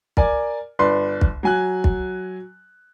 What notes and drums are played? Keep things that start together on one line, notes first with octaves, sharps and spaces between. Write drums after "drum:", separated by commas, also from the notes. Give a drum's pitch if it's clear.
A#4 D5 G#5, drum: kick
G1 D4 B4 D5 C6
drum: kick
F#3 G#5 F#6
drum: kick